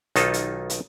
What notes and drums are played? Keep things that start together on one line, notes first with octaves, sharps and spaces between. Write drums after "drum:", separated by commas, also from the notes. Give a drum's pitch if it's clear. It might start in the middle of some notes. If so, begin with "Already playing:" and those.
B1 D#3 D#4 F4 A4, drum: hi-hat
drum: hi-hat
drum: hi-hat